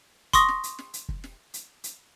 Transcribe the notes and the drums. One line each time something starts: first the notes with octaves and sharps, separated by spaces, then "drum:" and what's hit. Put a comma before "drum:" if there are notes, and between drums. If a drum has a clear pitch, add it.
C6 C#6 D#6 A#6, drum: kick, hi-hat
drum: snare
drum: hi-hat
drum: snare
drum: hi-hat
drum: kick
drum: snare
drum: hi-hat
drum: hi-hat